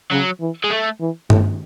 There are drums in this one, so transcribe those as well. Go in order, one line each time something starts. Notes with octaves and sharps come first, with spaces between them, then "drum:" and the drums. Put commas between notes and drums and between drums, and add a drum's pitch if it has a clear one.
C#3 F#3
E3
G#3
A3
E3
A2, drum: tom G2